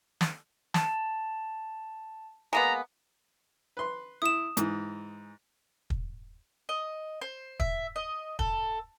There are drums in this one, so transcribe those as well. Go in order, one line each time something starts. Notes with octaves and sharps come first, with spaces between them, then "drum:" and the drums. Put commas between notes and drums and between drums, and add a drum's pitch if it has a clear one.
drum: snare
A5, drum: snare
G#3 A#3 B3 A#5
B4 C6
E4 D#6 E7
G#2 E3, drum: hi-hat
drum: kick
D#5
C5
E5, drum: kick
D#5
A4, drum: kick